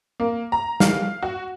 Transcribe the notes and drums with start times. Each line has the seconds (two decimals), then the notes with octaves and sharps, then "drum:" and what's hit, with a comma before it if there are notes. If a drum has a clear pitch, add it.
0.20 A#3
0.52 A#5
0.80 F5, drum: snare
1.23 F#4